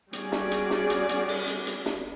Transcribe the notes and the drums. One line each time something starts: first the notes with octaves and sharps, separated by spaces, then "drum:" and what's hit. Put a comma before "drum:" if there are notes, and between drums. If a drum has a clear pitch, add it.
G3 C#4 F#4 G#4 D5, drum: hi-hat
drum: snare
drum: hi-hat
drum: snare
drum: hi-hat
drum: hi-hat
drum: open hi-hat
drum: hi-hat
drum: hi-hat
drum: snare